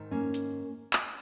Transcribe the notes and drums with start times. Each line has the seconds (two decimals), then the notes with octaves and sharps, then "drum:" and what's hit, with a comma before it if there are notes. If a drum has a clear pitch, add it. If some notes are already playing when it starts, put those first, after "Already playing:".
Already playing: G#2 D#3
0.11 A#3 C#4
0.34 drum: hi-hat
0.93 drum: clap